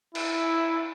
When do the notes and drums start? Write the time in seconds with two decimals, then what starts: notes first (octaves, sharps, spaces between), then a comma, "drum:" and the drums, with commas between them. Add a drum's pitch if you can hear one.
0.15 E4, drum: cymbal